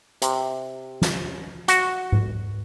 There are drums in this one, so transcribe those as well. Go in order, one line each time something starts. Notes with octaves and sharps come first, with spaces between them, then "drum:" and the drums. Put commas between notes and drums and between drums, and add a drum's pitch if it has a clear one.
C3, drum: hi-hat
drum: snare
F#4, drum: hi-hat
drum: tom G#2